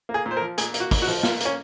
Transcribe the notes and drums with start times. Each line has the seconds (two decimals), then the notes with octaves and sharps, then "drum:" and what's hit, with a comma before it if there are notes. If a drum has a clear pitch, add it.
0.09 A#3
0.14 G#4
0.26 A#2
0.31 C5
0.37 A#4
0.41 F3
0.58 A#2 G#4, drum: hi-hat
0.74 A#3, drum: hi-hat
0.80 F#4
0.91 A#2, drum: kick, open hi-hat
1.02 F#4
1.07 F3, drum: open hi-hat
1.23 A#2 F4, drum: snare
1.40 A#3, drum: hi-hat
1.45 C#4